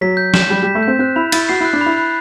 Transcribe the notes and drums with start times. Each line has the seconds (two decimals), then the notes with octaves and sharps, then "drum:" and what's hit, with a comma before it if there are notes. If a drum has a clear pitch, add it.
0.01 F#3 B6
0.17 G6
0.34 E7, drum: snare
0.50 G3 G6
0.62 G3 B6
0.75 A3
0.83 C4 G6
0.99 C4 F#6
1.16 E4 B5
1.32 E4 A6, drum: cymbal
1.49 F#4 C7
1.61 E4 F#6
1.73 D4
1.81 E4 B5
1.98 F#6